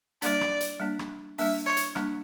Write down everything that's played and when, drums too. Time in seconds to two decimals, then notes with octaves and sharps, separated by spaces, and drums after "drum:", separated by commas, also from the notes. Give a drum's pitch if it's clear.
0.22 G3 A#3 D4 D5, drum: hi-hat
0.41 drum: rim click
0.61 drum: hi-hat
0.80 G3 A#3 D4
0.99 drum: rim click
1.38 G3 A#3 D4 E5, drum: open hi-hat
1.66 C#5
1.77 drum: hi-hat
1.96 G3 A#3 D4, drum: rim click